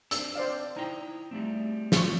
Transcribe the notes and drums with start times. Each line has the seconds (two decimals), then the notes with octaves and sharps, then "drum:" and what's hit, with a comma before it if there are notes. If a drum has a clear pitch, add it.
0.11 C4 D4 E6, drum: hi-hat
0.35 C5 D5 F5
0.77 D#4 E4 G5 A#5
1.31 G3 A3 C4
1.92 F3 C#6, drum: snare